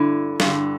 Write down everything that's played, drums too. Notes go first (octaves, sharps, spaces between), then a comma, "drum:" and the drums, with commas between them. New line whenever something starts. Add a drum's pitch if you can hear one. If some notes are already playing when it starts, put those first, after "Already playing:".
Already playing: G2 D3 E4
G2 D3, drum: snare